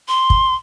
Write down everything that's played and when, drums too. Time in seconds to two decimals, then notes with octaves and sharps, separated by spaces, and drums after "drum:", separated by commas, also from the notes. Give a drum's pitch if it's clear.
0.08 C6
0.30 drum: kick